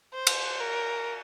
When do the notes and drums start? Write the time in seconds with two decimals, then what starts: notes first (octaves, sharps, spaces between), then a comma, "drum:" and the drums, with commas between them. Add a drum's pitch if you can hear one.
0.14 C5
0.27 drum: cymbal
0.61 A#4